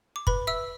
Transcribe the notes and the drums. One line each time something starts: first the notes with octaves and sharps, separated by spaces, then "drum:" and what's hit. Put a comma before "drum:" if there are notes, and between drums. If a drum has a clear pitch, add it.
D6
B4 B5, drum: kick
E5 E6